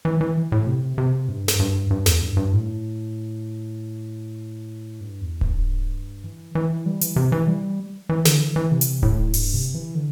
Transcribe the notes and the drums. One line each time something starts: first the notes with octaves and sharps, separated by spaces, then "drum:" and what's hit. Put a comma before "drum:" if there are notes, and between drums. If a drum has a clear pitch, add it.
E3
E3
A2
C3
C3
G2
drum: snare
G2
G2
E2, drum: snare
G2
G2
A2
G2
E2
G2, drum: kick D1
E3
E3
G3
E3, drum: hi-hat
C3
E3
G3
E3
D3, drum: snare
E3
E3
C3
drum: hi-hat
A2, drum: kick D1
G2, drum: open hi-hat
C3
E3
D3